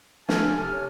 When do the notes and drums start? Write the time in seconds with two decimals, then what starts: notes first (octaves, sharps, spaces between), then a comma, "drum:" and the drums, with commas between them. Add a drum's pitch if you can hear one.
0.29 A4 G#5 A5 F6, drum: snare
0.46 A4
0.58 C3 F6
0.72 C#5